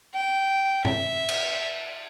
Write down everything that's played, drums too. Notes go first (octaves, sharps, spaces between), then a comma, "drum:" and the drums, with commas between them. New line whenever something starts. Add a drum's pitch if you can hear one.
G5
E5, drum: tom A2
drum: cymbal